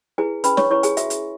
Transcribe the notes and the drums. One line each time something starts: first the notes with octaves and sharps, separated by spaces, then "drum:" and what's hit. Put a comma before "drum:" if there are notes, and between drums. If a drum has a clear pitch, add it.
E4 G#4 B4 G#5
C#4 B4 B5, drum: hi-hat
C#5 C#6, drum: snare
E4 B4 C#5 C#6
G#4 G#5, drum: hi-hat
F#4 E5, drum: hi-hat
drum: hi-hat